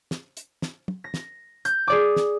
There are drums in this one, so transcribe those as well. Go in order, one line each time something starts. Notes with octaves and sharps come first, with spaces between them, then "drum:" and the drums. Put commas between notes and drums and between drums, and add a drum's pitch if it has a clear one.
drum: snare
drum: hi-hat
drum: snare
drum: tom
A#6
drum: snare
G6, drum: hi-hat
G#4 D5 D6
drum: snare